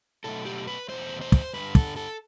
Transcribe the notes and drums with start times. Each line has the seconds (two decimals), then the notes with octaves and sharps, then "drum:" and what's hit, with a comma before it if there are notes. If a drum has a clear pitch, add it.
0.24 B2 F#3 A3 A4
0.45 G4
0.67 B4
0.88 E2 B2 A3 C5
1.21 C5
1.32 drum: kick
1.53 G2 D3 G3 B4
1.75 A4, drum: kick
1.96 A4